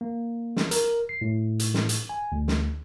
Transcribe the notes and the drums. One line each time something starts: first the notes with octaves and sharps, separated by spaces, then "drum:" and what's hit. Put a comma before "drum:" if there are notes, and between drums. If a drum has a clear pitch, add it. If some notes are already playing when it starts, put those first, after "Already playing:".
A#3
drum: snare
A#4, drum: hi-hat
C7
A2
drum: hi-hat
drum: snare
drum: hi-hat
G#5
D2
drum: snare